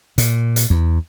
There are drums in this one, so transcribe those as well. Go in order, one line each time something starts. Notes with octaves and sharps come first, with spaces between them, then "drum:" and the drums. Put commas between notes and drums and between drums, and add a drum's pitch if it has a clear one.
A#2, drum: hi-hat
drum: hi-hat
E2